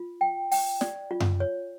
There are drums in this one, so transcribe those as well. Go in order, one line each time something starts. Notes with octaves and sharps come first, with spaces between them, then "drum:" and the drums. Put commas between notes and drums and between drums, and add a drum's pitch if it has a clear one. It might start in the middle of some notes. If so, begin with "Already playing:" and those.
Already playing: F4
G5
G5, drum: open hi-hat
D5, drum: snare
F4
drum: tom F#2
C#5